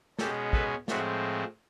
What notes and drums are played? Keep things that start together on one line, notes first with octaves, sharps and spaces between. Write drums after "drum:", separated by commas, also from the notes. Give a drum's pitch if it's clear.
B2 G#3 C#4 G4 A4, drum: snare
A4 B4, drum: kick
A2 F3 G#3 C4 E4 F#4, drum: snare